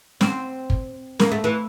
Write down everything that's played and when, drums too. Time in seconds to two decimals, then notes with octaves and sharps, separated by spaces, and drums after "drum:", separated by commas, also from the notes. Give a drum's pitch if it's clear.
0.21 C4, drum: snare
0.70 drum: kick
1.19 A#3, drum: snare
1.32 A3
1.44 E3